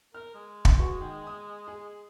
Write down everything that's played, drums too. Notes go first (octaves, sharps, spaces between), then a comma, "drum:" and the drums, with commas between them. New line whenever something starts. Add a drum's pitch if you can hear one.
A#4 F6
G#3
drum: kick
F#4 B4 C#6
D#3
D#6
G#4